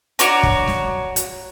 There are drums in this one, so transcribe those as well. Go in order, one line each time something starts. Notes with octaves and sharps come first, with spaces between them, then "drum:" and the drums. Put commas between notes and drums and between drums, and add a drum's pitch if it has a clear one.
D4 F#4 C#5 A#5, drum: hi-hat
drum: kick
drum: snare
drum: hi-hat